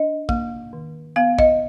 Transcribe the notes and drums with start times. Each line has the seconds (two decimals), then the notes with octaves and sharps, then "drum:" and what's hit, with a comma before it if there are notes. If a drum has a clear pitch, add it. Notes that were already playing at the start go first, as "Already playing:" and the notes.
Already playing: D4 D#5
0.29 A#3, drum: kick
0.73 D#3
1.16 B3 F5
1.39 D#5, drum: kick